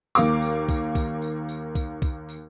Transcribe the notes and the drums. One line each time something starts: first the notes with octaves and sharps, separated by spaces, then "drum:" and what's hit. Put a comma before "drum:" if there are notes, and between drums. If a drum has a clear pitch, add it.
D#2 A#3 F5 D6, drum: tambourine
drum: tambourine
drum: kick, tambourine
drum: kick, tambourine
drum: tambourine
drum: tambourine
drum: kick, tambourine
drum: kick, tambourine
drum: tambourine